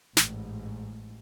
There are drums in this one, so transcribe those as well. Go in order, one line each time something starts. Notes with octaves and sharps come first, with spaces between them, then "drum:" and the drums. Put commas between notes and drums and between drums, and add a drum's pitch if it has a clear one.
A1 G#2, drum: snare